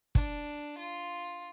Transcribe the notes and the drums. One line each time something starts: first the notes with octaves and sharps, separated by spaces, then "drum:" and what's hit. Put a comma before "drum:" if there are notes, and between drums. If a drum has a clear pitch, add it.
D4, drum: kick
F4